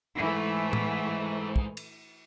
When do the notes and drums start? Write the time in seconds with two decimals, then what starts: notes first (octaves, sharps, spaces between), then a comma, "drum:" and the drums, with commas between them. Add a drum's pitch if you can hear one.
0.18 G#2 E3 A3
0.73 drum: tom A2
1.56 drum: kick
1.77 drum: cymbal